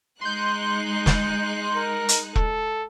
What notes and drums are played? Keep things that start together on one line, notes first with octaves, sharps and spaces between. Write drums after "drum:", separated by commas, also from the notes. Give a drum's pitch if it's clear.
G#3 D#4 C6 F#6 G6
drum: snare
A#4
drum: hi-hat
A4, drum: kick E1